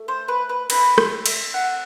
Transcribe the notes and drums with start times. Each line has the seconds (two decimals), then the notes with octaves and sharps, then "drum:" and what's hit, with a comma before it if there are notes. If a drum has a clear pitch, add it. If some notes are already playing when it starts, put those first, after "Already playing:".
Already playing: A3
0.08 C5
0.28 B4
0.49 B4
0.70 A3 C4 E4 B4, drum: cymbal
0.98 drum: rim click
1.26 E5, drum: cymbal
1.54 F#5